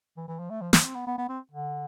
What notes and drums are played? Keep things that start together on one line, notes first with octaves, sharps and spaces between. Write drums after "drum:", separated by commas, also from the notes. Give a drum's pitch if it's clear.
E3
E3
F3
A3
F3
F3, drum: snare
C4
B3
B3
B3
C4
D3